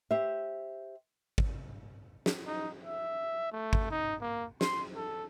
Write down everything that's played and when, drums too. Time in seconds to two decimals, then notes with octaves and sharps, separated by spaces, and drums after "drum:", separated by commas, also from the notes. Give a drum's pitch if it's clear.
0.11 G4 C5 E5
1.38 drum: kick
2.26 drum: snare
2.47 D#4
2.84 E5
3.52 A3
3.73 drum: kick
3.90 D#4
4.21 A#3
4.61 C6, drum: snare
4.96 A4